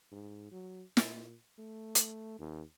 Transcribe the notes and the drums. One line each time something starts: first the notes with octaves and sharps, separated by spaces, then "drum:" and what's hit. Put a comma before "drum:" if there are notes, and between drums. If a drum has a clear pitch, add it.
G#2
F#3
A#2, drum: snare
A3
drum: hi-hat
D#2